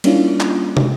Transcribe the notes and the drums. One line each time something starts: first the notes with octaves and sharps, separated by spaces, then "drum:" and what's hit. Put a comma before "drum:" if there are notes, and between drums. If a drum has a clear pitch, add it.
G3 A#3 C#4 D4 E4 F4, drum: cymbal
drum: clap
drum: tom